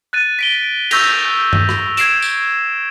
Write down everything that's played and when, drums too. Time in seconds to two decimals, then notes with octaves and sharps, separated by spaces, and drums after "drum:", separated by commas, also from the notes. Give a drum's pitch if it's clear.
0.13 F#6 A6 D#7
0.39 B6 D7 G7
0.91 C#6 E6 G6 A#6 B6 F7, drum: cymbal
1.53 drum: tom G2
1.69 drum: rim click
1.97 G#6 C7 D7 E7, drum: hi-hat
2.22 drum: tambourine